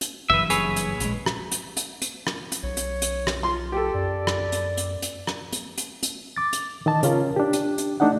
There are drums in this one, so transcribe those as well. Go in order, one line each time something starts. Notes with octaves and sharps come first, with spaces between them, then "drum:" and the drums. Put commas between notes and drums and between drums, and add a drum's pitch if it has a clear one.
drum: hi-hat
F#1 G2 E3 B4 E5
G#4 B4 C#5, drum: hi-hat
drum: hi-hat
A#1 G#3, drum: hi-hat
drum: rim click
drum: hi-hat
drum: hi-hat
drum: hi-hat
drum: rim click
drum: hi-hat
B1 C#5
drum: hi-hat
drum: hi-hat
drum: rim click
F4 C6
G4 A4
F#2 D5
drum: rim click
drum: hi-hat
drum: hi-hat
drum: hi-hat
drum: rim click
drum: hi-hat
drum: hi-hat
drum: hi-hat
D6 A6
drum: hi-hat
D#3 D#5 A5
C#3 C#4 F4 A#4, drum: hi-hat
D4 G4
drum: hi-hat
drum: hi-hat
A3 D4 D#4 D#5 F#5